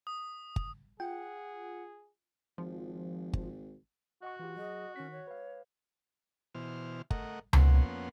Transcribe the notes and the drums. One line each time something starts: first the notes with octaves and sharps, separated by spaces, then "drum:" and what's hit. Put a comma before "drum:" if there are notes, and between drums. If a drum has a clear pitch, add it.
D#6
drum: kick G1
F4 G#4 F#5 G5
G#1 F3
drum: kick G1
F#4 D#5 F#5 C#6
E3 F4 G4
F#3 G#4 D#5
D#3 C#4 B6
C#5
B4 F5
B2 E3 C5 F6
A3 A#4 D#5 F#5, drum: kick G1
F2 A#3 B3 C#4 F#5 C6, drum: tom C#2